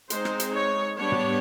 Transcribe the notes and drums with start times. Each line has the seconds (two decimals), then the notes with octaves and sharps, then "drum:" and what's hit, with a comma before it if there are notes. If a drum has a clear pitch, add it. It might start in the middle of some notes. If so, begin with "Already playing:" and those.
0.10 G#3 C4 D#4 C5, drum: hi-hat
0.25 drum: rim click
0.40 drum: hi-hat
0.54 C#5
0.97 G3 B3 D4 C#5
1.12 drum: tom